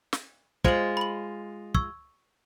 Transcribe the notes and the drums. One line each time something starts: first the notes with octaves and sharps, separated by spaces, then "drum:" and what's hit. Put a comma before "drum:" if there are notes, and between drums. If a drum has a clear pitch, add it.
drum: snare
G#3 F4 C5 F#7, drum: kick
B5 F#7
C#6 E6 G#6, drum: kick